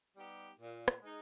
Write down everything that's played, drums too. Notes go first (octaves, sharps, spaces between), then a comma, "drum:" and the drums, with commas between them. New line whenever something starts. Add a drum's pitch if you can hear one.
G3 B3 D#4 G4
A#2
drum: rim click
G#3 D#4